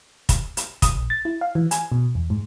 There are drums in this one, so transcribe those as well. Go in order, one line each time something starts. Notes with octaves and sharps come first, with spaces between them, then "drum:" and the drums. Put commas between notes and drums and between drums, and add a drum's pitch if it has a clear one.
drum: kick, hi-hat
drum: hi-hat
D#6, drum: kick, hi-hat
A#1
A6
E4
F5
E3
G#5, drum: hi-hat
B2
E2
G#2